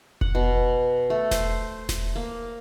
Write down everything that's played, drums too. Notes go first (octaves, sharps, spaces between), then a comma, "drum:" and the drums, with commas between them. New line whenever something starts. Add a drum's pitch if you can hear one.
F#5, drum: kick F1
B2
A3
C5, drum: snare E1
drum: snare E1
A#3